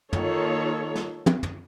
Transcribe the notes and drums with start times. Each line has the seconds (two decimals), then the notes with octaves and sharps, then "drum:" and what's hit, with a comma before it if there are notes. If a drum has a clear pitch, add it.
0.13 D#3 A#3 F4 A4 C#5, drum: tom
0.96 drum: snare
1.26 drum: tom
1.43 drum: tom